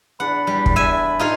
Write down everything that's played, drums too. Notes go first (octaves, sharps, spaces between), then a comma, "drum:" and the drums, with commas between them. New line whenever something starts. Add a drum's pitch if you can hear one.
E2 D4 F#5 B5
G3
drum: kick
E5 G#5
G2 D#4 F4 G#4